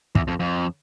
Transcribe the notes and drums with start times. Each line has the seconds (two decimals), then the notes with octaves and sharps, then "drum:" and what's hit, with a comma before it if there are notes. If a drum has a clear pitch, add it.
0.15 E2, drum: kick
0.28 F2
0.40 F2